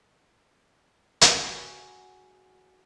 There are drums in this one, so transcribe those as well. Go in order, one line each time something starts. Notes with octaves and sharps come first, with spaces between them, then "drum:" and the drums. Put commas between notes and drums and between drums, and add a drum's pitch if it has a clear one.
F#4 G#4 F#5, drum: hi-hat